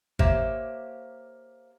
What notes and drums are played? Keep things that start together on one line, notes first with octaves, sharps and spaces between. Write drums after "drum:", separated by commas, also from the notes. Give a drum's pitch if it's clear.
A#3 G4 C5 C#5 E5, drum: kick G#1